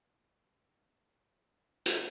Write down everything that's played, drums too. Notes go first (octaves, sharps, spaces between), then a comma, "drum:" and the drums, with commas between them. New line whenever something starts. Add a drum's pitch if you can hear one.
C#6 E6
C6 D#6
A5 C#6
G#5 C6
G#5 C6
drum: hi-hat